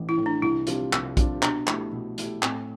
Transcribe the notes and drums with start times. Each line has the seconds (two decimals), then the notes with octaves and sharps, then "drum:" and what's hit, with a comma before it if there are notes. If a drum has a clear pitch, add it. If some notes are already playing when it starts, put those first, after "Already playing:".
Already playing: A1 A2 E3
0.09 E4
0.17 A2 E3
0.26 D4
0.42 C2 E4
0.67 C3 G3 D4 F4, drum: hi-hat
0.93 C2, drum: clap
1.17 C3 G3 D4 F4, drum: kick, hi-hat
1.43 B2 D4, drum: clap
1.67 A3 E4 G4, drum: clap
1.92 B2
2.18 A3 E4 G4, drum: hi-hat
2.43 A2 C4, drum: clap